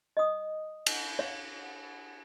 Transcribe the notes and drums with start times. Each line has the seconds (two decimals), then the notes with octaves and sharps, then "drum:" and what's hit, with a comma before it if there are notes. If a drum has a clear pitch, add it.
0.17 D#5 D#6
0.86 drum: cymbal
1.19 C#5 F5